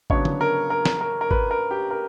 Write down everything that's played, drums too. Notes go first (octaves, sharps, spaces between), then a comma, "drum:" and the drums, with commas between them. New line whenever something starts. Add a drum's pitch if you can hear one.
C#3 F#3 B3 D4 C#5, drum: kick G#1
drum: tom D3
A#4
A#4
drum: snare
A#4
A#4
B4, drum: kick G#1
A#4
G4
A#4